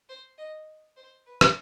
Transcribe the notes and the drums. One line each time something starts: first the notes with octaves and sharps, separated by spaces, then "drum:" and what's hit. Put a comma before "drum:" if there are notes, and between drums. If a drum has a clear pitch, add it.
C5
D#5
C5
B4
drum: rim click